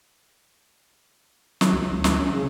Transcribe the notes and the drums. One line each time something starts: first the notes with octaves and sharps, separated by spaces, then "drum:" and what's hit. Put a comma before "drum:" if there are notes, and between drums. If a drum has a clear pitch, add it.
F#3, drum: snare
C#2
D2
D2, drum: snare
C#4
C#3